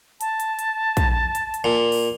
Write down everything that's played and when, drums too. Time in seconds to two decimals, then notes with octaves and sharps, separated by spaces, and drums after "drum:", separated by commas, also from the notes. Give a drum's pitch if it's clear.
0.21 A5, drum: hi-hat
0.40 drum: hi-hat
0.59 drum: hi-hat
0.97 drum: kick, hi-hat
1.35 drum: hi-hat
1.54 drum: hi-hat
1.64 A#2
1.92 drum: open hi-hat